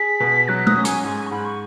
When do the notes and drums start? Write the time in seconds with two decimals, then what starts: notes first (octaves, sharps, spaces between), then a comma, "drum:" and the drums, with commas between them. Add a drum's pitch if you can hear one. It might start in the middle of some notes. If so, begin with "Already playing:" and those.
Already playing: G#4 B6
0.20 B2
0.48 F#3 F#6
0.67 D#6, drum: tom G#3
0.76 C#4
0.85 G#5, drum: hi-hat
1.03 G#2 G#5
1.17 G#5
1.27 C#6
1.31 G#2 B5
1.45 C#6